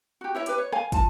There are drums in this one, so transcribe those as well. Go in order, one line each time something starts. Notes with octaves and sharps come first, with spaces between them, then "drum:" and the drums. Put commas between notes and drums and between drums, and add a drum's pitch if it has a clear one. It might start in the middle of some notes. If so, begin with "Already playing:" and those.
F#4 G4
E4 C#5 E5
G4 B4, drum: hi-hat
C#5
F5 G#5, drum: rim click
F4 A5, drum: kick, hi-hat